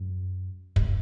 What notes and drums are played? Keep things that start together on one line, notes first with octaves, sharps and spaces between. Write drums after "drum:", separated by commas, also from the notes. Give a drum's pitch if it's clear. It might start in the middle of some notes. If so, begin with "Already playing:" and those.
Already playing: F#2
G2, drum: kick